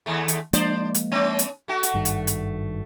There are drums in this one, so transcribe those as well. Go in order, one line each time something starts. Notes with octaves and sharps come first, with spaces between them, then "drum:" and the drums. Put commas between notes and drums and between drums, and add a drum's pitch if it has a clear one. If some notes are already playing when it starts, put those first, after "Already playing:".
D#2 A3
drum: hi-hat
F3 G#3 A#3 D4 C5 D5, drum: hi-hat
drum: hi-hat
B3 C#4
drum: hi-hat
A3 F#4
drum: hi-hat
G#1 G2 D#3
drum: hi-hat
drum: hi-hat